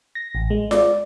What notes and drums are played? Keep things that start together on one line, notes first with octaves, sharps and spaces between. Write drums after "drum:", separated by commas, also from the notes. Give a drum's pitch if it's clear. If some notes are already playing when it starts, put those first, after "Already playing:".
A#6
A1
G#3
D5, drum: snare F4